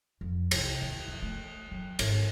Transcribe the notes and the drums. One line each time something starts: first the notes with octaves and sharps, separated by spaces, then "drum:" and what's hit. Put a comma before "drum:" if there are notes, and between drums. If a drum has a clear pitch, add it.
F2
C2, drum: cymbal
D#2
F#2
A3
F#3
G#1, drum: cymbal